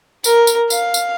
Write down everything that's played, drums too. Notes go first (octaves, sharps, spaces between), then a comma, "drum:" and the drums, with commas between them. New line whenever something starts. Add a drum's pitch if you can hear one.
A#4, drum: tambourine
drum: tambourine
F5, drum: tambourine
drum: tambourine